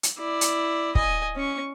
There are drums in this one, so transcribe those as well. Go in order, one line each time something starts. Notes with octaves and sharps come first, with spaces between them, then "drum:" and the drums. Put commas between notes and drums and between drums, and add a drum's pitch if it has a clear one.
drum: hi-hat
E4 D5
drum: hi-hat
D#5 G#5, drum: kick
C#4 C#6